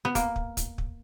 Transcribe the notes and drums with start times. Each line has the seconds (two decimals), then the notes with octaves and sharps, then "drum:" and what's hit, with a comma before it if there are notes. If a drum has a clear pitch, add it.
0.05 B3
0.15 A#3, drum: kick, hi-hat
0.36 drum: kick
0.57 drum: kick, hi-hat
0.78 drum: kick